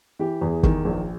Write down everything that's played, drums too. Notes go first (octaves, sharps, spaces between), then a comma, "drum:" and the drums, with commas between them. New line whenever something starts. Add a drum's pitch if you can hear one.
E3 G4
E2 G#4
D#3, drum: kick
A#1